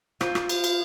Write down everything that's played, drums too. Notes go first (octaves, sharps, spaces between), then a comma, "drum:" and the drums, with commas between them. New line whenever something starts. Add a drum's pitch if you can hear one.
F3, drum: rim click
drum: rim click
drum: cymbal
drum: cymbal